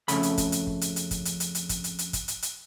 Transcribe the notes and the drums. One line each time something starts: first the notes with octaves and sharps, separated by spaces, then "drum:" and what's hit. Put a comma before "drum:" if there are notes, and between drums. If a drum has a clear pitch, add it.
F2 C#3 A3 B5, drum: hi-hat
drum: hi-hat
drum: kick, hi-hat
drum: hi-hat
drum: kick
drum: hi-hat
drum: hi-hat
drum: kick, hi-hat
drum: hi-hat
drum: hi-hat
drum: hi-hat
drum: kick, hi-hat
drum: hi-hat
drum: hi-hat
drum: kick, hi-hat
drum: hi-hat
drum: hi-hat